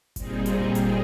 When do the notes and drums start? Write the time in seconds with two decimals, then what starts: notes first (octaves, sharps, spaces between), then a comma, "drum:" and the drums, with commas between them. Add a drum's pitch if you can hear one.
0.16 A#2 G3 C4 D#4 G#4, drum: kick G1, hi-hat
0.46 drum: hi-hat
0.60 drum: kick G1
0.75 drum: hi-hat